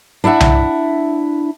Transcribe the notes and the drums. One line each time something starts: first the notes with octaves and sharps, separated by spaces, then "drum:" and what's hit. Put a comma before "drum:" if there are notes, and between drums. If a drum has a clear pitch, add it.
D4 E4 E5 F#5
drum: tom C2